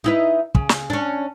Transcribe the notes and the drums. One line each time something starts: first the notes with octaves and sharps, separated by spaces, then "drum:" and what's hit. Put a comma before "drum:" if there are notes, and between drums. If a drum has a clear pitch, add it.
D#4 E4 B4
C#3, drum: kick
drum: snare
C#4 D4